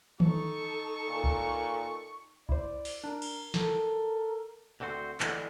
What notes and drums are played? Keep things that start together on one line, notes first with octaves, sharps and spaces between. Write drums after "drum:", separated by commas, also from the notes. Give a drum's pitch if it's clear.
D#4 A4 C#6, drum: tom D#3
A#2
drum: kick C#2
E4 C5 D5, drum: kick C#2
drum: open hi-hat
D4 A#4
drum: cymbal
A4 A#4, drum: snare
D2 D3 C4 F#4 C5
D3 E3 G#3 B3 D4, drum: clap